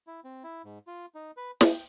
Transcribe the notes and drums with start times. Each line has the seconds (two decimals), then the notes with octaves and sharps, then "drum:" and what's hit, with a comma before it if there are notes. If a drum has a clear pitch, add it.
0.07 E4
0.24 C4
0.44 E4
0.64 G#2
0.87 F4
1.15 D#4
1.37 B4
1.61 G5, drum: snare